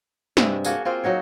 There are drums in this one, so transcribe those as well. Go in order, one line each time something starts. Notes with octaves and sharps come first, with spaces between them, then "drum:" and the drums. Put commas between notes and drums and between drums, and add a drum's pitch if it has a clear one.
G2 C3 G#3 E5, drum: snare
A#3 F#4 G#4 A4, drum: tambourine
A#3 C4 F4 C5
F#3 D#4 F#4 C#5